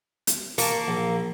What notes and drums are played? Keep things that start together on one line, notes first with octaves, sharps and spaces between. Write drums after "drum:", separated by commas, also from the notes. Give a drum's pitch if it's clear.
drum: hi-hat
A#3 A5 C#6, drum: open hi-hat
A#1